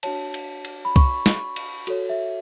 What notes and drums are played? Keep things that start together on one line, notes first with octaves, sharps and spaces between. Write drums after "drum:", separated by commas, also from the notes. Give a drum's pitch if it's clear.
D4 F#4 C#5 A5, drum: cymbal
drum: cymbal
drum: cymbal
B5
C#6, drum: kick C2, cymbal
drum: snare
drum: cymbal
F#4 A4 C#5, drum: cymbal
E5